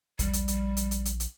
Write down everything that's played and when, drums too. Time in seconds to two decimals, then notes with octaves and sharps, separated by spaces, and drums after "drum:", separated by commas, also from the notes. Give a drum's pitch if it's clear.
0.19 A#1 G3, drum: kick D#2, hi-hat
0.33 drum: hi-hat
0.48 drum: hi-hat
0.77 drum: hi-hat
0.91 drum: hi-hat
1.05 drum: hi-hat
1.20 drum: hi-hat